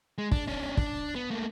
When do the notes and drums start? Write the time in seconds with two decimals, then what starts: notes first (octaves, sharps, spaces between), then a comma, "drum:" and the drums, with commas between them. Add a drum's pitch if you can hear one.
0.18 G#3
0.32 D4, drum: kick
0.47 C#4 D4
0.77 D4, drum: kick
1.16 B3
1.30 A3 A#3